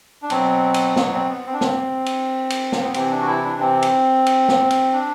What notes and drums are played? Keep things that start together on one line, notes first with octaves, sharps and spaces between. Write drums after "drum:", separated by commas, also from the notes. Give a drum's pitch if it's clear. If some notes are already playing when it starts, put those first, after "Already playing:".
D4
B2 F#3 C4, drum: cymbal
drum: cymbal
B3, drum: snare
C4
B3
C4
D4
C4, drum: snare
drum: cymbal
drum: cymbal
drum: snare
B3
C3 E3 C4, drum: cymbal
D4
F#4
E4
D4
C4
drum: cymbal
drum: cymbal
drum: snare
drum: cymbal
D4